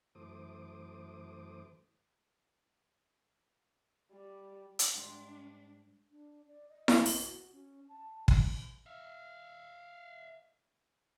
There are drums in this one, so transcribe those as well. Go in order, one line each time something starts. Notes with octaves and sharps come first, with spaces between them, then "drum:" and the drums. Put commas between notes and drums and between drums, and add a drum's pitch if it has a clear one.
F#2 E3 A3 C5 D6 D#6
G3
drum: hi-hat
G#2 G3 D4 C6
D4
D5
D#5
C#5, drum: snare E4
A#3, drum: open hi-hat
F#4
C#4
A5
C#4, drum: kick
E5 F5